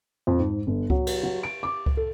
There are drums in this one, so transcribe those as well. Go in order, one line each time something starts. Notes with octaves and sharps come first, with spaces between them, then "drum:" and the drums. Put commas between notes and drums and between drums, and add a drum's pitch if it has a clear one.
F2
G#2
G1
F#3, drum: kick C#2
drum: cymbal
F#3
D7
D6
drum: kick C#2
A4